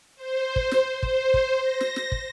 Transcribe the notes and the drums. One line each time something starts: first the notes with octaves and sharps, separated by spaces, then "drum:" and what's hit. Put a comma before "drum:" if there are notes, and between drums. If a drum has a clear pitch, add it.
C5
drum: kick
drum: snare
C5, drum: kick
drum: kick
A#6
drum: snare
drum: snare
drum: kick